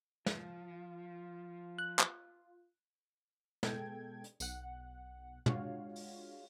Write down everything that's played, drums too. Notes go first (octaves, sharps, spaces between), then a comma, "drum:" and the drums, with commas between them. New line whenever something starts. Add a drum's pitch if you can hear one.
F3 F4, drum: snare
F#6
drum: clap
B2 G#3 A4 G5 G#6, drum: snare
drum: hi-hat
B1 F#5, drum: tambourine
G#3 D4 F4 F#4 C#5 F5, drum: tom
drum: open hi-hat